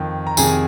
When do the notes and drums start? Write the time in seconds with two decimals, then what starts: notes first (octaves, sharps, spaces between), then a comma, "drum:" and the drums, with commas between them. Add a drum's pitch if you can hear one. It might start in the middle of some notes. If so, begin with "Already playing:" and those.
Already playing: F2 D#3
0.27 A#5
0.37 F2 C3 D#3 G#4 G#5, drum: tambourine